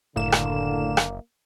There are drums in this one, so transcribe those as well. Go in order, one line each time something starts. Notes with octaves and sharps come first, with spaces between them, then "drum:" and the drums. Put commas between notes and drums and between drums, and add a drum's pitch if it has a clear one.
F#1 A2 D3 A#3 E7
drum: rim click
drum: rim click